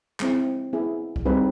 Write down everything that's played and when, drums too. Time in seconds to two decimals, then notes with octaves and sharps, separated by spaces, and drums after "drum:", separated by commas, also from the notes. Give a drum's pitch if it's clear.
0.20 G#3 C4 E4, drum: clap
0.73 B3 E4 G#4
1.16 drum: kick C2
1.26 G3 C4 D#4 G#4 B4